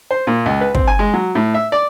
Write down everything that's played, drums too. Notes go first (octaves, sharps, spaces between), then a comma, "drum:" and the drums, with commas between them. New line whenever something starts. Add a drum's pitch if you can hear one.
C5
A#2
C#2
B4
C4, drum: kick
G#5
G#3
F#3
A2
E5
D5